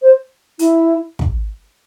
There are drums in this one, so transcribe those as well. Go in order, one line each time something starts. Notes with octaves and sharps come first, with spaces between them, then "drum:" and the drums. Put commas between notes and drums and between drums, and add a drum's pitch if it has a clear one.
C5
E4, drum: hi-hat
drum: kick